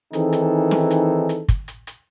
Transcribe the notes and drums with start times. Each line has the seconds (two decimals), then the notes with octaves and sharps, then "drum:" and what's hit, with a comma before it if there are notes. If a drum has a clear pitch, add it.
0.13 D#3 E3 C4 D#4 G#4 A4, drum: hi-hat
0.33 drum: hi-hat
0.71 drum: snare
0.91 drum: hi-hat
1.29 drum: hi-hat
1.48 drum: kick, hi-hat
1.68 drum: hi-hat
1.87 drum: hi-hat